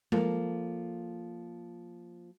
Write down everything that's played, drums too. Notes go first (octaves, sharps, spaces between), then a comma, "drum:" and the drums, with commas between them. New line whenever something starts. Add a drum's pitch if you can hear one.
F3 A#3 F4 A4, drum: tom G#3